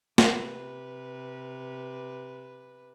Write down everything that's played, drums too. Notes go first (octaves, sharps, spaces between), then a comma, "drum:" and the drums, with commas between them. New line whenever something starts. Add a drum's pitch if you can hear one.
C3 B4, drum: snare